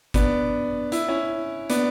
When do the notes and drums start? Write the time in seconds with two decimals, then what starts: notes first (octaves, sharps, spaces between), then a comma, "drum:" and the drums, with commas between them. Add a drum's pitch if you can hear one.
0.14 B3 D4, drum: kick G1, hi-hat
0.92 E4, drum: hi-hat
1.08 C#4 E4
1.70 B3 D4, drum: hi-hat